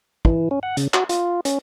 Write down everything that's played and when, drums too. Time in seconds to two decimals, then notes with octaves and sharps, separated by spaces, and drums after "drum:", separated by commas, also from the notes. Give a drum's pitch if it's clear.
0.25 E3, drum: kick
0.51 C#4
0.63 F#5
0.77 C#3, drum: hi-hat
0.94 F#4, drum: clap
1.09 F4, drum: hi-hat
1.45 C#4, drum: hi-hat